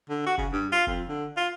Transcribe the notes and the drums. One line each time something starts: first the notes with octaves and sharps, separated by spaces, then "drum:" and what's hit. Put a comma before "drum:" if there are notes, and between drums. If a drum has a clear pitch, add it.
D3
F#4
C#3, drum: kick F1
G2
F4
F2, drum: kick F1
D3
F4